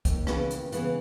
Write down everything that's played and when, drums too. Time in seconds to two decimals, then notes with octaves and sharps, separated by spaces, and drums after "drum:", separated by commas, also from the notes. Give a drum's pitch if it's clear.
0.05 D#2, drum: kick C2, hi-hat
0.27 C#3 E3 B3, drum: rim click
0.51 D#2, drum: hi-hat
0.72 C#3 E3 B3, drum: hi-hat